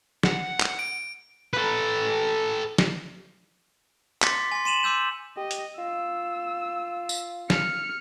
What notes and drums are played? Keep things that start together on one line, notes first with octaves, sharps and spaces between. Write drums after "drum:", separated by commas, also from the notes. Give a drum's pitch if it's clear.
F#5, drum: snare
drum: clap
D7
A4 B4
drum: snare
C6 D6 A6 B6 C#7, drum: clap
G#5 C6
C6 D#7 E7 F#7
C6 D6 E6 G6 E7
G4 D#5
drum: hi-hat
F4 E6
drum: tambourine
F6 C#7, drum: snare